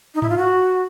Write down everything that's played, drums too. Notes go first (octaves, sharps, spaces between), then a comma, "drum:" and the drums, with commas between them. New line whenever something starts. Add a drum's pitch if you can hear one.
D#4
E4, drum: tom G#2
F4
F#4